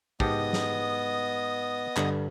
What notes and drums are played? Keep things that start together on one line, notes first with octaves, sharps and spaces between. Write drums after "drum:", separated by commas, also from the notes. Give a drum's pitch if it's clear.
G#2 B3 G4 D#5 A5 D#6, drum: kick
drum: snare
G2 D3, drum: clap